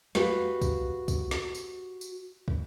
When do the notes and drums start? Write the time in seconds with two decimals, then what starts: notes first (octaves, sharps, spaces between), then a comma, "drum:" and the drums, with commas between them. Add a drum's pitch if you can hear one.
0.15 F#4 G4 B4 F5, drum: snare
0.62 drum: kick, tambourine
1.08 drum: kick, tambourine
1.31 drum: snare
1.55 drum: tambourine
2.01 drum: tambourine
2.48 drum: kick